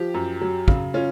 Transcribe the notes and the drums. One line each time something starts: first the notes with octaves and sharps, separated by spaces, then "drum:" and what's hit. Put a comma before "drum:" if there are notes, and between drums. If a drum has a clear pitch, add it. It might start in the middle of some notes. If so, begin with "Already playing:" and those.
Already playing: F3 G4
F#2
F#3
C#3, drum: kick
C#4 F4